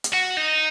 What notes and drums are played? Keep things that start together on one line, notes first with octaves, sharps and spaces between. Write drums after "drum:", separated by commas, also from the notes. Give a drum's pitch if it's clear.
drum: hi-hat
F#4
D#4